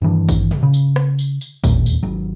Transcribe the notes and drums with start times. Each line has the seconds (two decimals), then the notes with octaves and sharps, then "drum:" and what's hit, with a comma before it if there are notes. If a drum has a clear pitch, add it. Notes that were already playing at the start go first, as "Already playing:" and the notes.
0.02 G2 D#3 E3 D4
0.29 drum: kick G#1, tambourine
0.51 drum: tom
0.63 C#3
0.74 drum: tambourine
0.96 drum: rim click
1.19 drum: tambourine
1.41 drum: tambourine
1.64 E1 D#2 A#2 A3, drum: kick G#1, tambourine
1.86 drum: tambourine
2.03 G#1 F#3